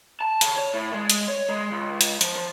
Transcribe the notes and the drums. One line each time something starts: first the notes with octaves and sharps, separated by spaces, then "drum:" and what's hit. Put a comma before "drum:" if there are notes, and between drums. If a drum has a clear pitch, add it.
A5
C#3, drum: hi-hat
C#5
A2
G#3
drum: hi-hat
C#5
G#3
C#2
drum: hi-hat
F3, drum: hi-hat
F3